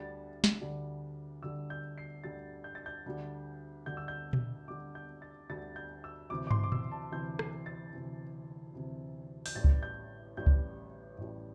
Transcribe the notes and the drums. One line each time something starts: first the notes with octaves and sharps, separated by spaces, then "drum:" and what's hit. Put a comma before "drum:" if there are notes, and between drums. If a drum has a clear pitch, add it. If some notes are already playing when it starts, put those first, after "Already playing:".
Already playing: D2 D3 G3 A6
drum: snare
D2 D3 G3
D2 D3 G3 E6
G6
C7
D2 D3 G3 A6
G6
A6
G6
D2 D3 G3
D2 D3 G3 G6
E6
G6
drum: tom A#2
D2 D3 G3 D6
G6
A6
D2 D3 G3 A6
G6
E6
D2 C3 E3 D6
D6
C6, drum: tom
D6
E6, drum: tom A#2
A5
D2 C3 E3 G6
C7, drum: rim click
A6
D2 C3 E3
D2 C3 E3
G6, drum: open hi-hat
A1 A2 G3 A6
drum: kick C#2
G6
A1 A2 G3 G6
drum: kick C#2
A1 A2 G3